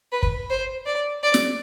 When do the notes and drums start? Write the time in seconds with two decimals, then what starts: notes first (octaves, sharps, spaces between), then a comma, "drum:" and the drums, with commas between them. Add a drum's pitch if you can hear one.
0.12 B4
0.23 drum: kick
0.50 C5
0.86 D5
1.23 D5
1.34 drum: snare